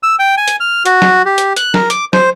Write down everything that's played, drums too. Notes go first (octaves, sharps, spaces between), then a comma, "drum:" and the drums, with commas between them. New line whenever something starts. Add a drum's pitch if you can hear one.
E6
G5
G#5
drum: hi-hat
F6
F#4, drum: hi-hat
drum: snare
G4
drum: hi-hat
F#6, drum: hi-hat
A#4, drum: snare
D6, drum: hi-hat
C5, drum: snare